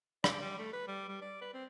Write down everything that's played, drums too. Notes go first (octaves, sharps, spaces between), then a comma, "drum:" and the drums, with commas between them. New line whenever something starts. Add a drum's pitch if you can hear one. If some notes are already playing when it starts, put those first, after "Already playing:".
D5, drum: rim click
G3
A3
B4
G3
G3
D5
B4
C4